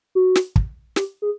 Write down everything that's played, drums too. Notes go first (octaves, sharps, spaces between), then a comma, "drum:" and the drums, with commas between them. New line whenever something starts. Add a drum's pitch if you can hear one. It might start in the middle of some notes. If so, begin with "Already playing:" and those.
F#4
drum: snare
drum: kick
G4, drum: snare
G#4